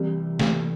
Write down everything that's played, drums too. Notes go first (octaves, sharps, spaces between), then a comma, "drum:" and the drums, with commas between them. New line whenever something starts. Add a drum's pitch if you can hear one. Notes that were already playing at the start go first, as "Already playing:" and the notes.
Already playing: C2 C3 E3 G3
C2 A#2 A3, drum: snare